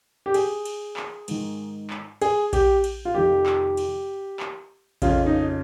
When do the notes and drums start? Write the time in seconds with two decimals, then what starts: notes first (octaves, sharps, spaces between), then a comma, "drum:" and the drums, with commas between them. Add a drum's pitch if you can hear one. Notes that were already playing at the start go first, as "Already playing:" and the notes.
0.26 G4
0.34 G#4, drum: cymbal
0.65 drum: cymbal
0.97 drum: clap
1.28 G#2 D#3, drum: cymbal
1.90 drum: clap
2.21 G#4, drum: cymbal
2.53 G4, drum: kick A#1, cymbal
2.84 drum: cymbal
3.05 F4
3.14 F2 C3 D#3 G4
3.46 drum: clap
3.77 drum: cymbal
4.40 drum: clap
5.02 F2 C#3 F4, drum: kick A#1, cymbal
5.26 D#4